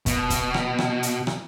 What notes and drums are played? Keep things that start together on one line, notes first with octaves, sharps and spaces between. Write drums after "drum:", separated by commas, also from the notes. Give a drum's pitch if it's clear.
B2, drum: kick, hi-hat
drum: kick, hi-hat
drum: rim click
drum: rim click
drum: hi-hat
drum: rim click